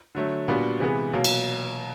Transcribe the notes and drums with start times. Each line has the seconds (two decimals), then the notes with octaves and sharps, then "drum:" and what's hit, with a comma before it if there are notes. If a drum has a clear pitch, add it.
0.15 D3 F#3 A3
0.48 A#2 G3 B3 D4 F#4
0.80 C3 E3 G#3 B3
1.13 B2 F#3 A#3
1.24 drum: cymbal